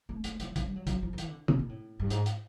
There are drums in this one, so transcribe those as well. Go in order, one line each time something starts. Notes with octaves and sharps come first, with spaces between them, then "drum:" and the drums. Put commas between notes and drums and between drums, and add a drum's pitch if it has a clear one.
A3
A3, drum: hi-hat
F3, drum: hi-hat
F3, drum: kick, hi-hat
G3
F#3
F#3, drum: kick, hi-hat
F3
F3
E3, drum: hi-hat
D3
C3, drum: tom
A#2
A2
G2
G#2, drum: hi-hat
drum: hi-hat